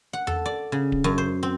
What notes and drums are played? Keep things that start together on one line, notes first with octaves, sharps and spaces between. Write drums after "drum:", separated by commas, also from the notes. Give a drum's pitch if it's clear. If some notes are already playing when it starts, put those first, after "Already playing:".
F#5
A4, drum: tom E2
D5
C#3
drum: kick D1
F#2
C5
C4